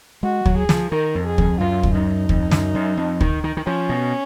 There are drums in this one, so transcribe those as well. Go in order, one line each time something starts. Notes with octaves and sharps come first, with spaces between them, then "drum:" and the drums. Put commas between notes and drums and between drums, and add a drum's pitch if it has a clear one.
G#3 F#4
F#3, drum: kick
G#4
F3, drum: snare
D#3 A#4
F2
G#4
F2, drum: kick
F#2 F4
drum: kick
F#2 D#4
F2, drum: kick
F#2, drum: snare
F#2
F2
D#3, drum: kick
D#3
D#3
F3 C#4
B2